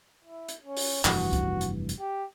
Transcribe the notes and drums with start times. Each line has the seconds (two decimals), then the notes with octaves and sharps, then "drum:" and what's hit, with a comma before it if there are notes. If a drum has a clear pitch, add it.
0.24 E4
0.48 drum: hi-hat
0.64 C#4
0.77 drum: open hi-hat
1.05 F1 G2 E3 F#4, drum: clap
1.33 drum: kick C#2, hi-hat
1.61 drum: hi-hat
1.89 drum: hi-hat
2.00 G4